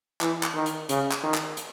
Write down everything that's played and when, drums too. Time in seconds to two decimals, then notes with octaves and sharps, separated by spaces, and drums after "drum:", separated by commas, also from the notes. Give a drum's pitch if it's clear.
0.21 E3, drum: clap
0.43 drum: clap
0.54 D#3
0.66 drum: hi-hat
0.89 C#3, drum: hi-hat
1.11 drum: clap
1.23 D#3
1.34 drum: clap
1.57 drum: hi-hat